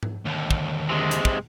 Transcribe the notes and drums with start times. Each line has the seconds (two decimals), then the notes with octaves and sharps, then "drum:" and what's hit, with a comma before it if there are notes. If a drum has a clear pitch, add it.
0.03 drum: tom G#2
0.25 D#2 D3
0.51 drum: kick
0.90 C3 G#3
1.11 drum: hi-hat
1.25 drum: kick